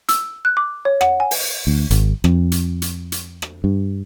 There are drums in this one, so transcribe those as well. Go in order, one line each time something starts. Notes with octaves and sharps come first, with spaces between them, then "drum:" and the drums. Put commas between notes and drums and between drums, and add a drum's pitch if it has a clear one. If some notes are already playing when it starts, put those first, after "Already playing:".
E6, drum: hi-hat
F#6
D6
C#5
F#5, drum: rim click
G#5
drum: open hi-hat
D2
G#1, drum: hi-hat
F2, drum: rim click
drum: hi-hat
drum: hi-hat
drum: hi-hat
drum: rim click
G2